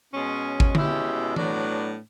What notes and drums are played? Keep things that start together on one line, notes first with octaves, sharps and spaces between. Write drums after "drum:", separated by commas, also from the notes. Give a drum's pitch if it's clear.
B2 G#3 C#4
drum: kick G#1
B2 G#3 C#4 E4 G4, drum: tom D3
A2 F#3 B3 D4, drum: tom E3